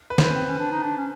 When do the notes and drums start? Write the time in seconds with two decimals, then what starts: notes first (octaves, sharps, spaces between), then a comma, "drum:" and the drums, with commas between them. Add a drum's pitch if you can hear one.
0.10 B4
0.18 C5, drum: snare
0.26 B4
0.30 C#4
0.35 C4
0.47 C#4
0.59 D4
0.71 D#4
0.83 D4
0.97 C#4